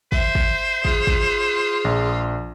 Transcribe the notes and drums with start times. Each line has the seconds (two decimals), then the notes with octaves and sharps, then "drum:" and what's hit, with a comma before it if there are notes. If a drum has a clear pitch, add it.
0.12 C5 E5, drum: kick
0.35 drum: kick
0.85 F4 G#4, drum: kick
1.07 drum: kick
1.85 A#1